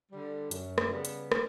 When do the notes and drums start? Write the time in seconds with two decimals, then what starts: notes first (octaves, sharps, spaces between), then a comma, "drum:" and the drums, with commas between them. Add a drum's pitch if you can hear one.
0.11 D3 G3
0.51 F#2, drum: hi-hat
0.78 drum: rim click
0.91 C#3 G3 B3
1.05 drum: hi-hat
1.32 drum: rim click